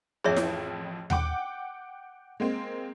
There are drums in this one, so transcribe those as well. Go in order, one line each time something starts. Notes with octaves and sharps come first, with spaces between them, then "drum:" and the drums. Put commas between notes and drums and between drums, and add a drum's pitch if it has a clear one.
A1 F2 F3 G#4 C#5 E5
drum: snare E4
F#5 G5 D6, drum: tom D#2
G#3 A#3 C4